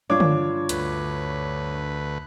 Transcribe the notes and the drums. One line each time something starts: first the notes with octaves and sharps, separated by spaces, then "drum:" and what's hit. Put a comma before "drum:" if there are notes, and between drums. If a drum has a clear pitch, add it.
G2 D4 F4 C#5 D6
drum: tom D3
D2 B4, drum: hi-hat